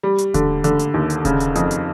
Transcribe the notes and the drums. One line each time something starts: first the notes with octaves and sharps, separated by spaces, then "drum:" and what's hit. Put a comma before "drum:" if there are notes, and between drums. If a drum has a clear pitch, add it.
G3
drum: hi-hat
D3, drum: kick D#1, hi-hat
D3, drum: hi-hat
drum: hi-hat
D#2
drum: hi-hat
C#3, drum: kick D#1, hi-hat
drum: hi-hat
F2, drum: hi-hat
drum: hi-hat